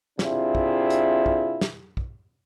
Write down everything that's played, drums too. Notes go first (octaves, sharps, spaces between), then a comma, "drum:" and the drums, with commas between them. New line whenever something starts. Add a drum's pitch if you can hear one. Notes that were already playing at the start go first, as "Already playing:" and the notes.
C3 D4 E4 F4 G#4, drum: snare
drum: kick
drum: hi-hat
drum: kick
drum: snare
drum: kick